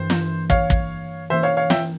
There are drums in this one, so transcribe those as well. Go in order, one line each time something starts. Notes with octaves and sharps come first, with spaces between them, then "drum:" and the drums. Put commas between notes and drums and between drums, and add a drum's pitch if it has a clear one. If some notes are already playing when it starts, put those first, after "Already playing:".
Already playing: G2 E3 A#3 C5
drum: snare
C#5 F5, drum: kick
drum: kick
E3 A#3 C#4 E4 C5 E5
C#5 F5
C#5 F5
E5 G5, drum: snare